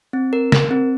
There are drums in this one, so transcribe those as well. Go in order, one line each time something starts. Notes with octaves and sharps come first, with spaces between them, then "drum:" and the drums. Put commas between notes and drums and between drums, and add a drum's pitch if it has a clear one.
C4
A#4
A#4, drum: snare
C4